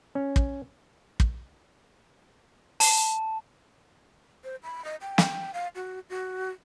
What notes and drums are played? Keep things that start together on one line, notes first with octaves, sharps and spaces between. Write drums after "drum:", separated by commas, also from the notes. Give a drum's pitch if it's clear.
C#4
drum: kick
drum: kick
A5, drum: open hi-hat
C5
B5
D#5
G5
drum: snare
F5
F#4
F#4